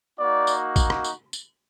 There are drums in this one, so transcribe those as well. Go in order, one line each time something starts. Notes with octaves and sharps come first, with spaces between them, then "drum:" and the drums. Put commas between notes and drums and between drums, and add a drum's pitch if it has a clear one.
A#3 D#4 F#4 D5
drum: tambourine
drum: kick, tambourine
drum: rim click
drum: tambourine
drum: tambourine